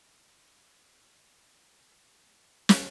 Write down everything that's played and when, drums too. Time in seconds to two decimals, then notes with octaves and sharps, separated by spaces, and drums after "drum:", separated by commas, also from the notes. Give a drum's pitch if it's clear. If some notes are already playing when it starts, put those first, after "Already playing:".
0.03 D#4 C5 F5
2.69 drum: snare